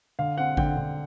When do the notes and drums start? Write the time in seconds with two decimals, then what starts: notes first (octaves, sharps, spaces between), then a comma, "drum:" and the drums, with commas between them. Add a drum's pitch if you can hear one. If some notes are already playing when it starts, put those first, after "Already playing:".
0.19 D3 F5
0.38 C4 F#5
0.57 D3 G5, drum: kick G#1
0.76 D3